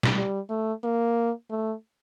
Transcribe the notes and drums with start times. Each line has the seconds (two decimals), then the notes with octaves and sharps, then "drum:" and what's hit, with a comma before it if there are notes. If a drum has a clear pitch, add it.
0.03 drum: snare
0.17 G3
0.49 A3
0.84 A#3
1.50 A3